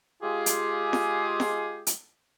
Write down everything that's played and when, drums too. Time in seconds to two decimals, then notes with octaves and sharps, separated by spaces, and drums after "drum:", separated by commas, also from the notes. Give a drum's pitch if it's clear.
0.23 G#3 F4 G4 G#4
0.46 drum: hi-hat
0.93 drum: snare
1.40 drum: snare
1.87 drum: hi-hat